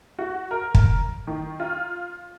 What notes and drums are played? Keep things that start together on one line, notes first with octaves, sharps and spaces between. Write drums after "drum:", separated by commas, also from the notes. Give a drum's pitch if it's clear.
F#4
A#4
drum: kick
D#3
F4